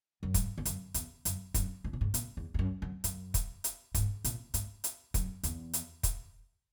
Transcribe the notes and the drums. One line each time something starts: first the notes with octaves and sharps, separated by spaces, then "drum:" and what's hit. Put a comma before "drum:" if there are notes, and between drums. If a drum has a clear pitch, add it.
F#2
G#2, drum: kick, hi-hat
E2
F#2, drum: hi-hat
E2, drum: hi-hat
F#2, drum: hi-hat
F#2, drum: kick, hi-hat
G#2
A#2
G#2
A#2, drum: hi-hat
E2
E2
F#2
F#2
F#2, drum: hi-hat
drum: kick, hi-hat
drum: hi-hat
G#2, drum: kick, hi-hat
A#2, drum: hi-hat
G#2, drum: hi-hat
drum: hi-hat
F#2, drum: kick, hi-hat
E2, drum: hi-hat
drum: hi-hat
drum: kick, hi-hat